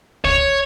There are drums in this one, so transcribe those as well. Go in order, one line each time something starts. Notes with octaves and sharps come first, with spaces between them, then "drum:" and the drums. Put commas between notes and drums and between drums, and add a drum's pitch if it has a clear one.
C#5, drum: kick C#2